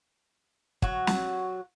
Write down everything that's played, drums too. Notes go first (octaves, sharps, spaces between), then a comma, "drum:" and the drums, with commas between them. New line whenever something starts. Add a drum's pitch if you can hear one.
F#3 F#4, drum: kick
drum: snare